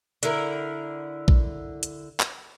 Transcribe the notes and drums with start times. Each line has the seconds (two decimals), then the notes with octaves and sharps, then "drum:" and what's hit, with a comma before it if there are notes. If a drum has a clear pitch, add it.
0.23 D3 E4 A#4, drum: hi-hat
1.28 drum: kick
1.83 drum: hi-hat
2.20 drum: clap